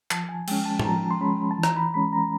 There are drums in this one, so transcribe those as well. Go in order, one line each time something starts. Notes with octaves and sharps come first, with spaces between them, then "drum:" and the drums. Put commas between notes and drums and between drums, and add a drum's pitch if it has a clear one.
F3 A5, drum: clap
G#5
G#3 C#4 G5, drum: cymbal
A5
A5, drum: tom A2
F3 A#5
C6
G#3 C#4 B5
A5
E3
A#5, drum: rim click
B5
G#3 C#4 B5
A#5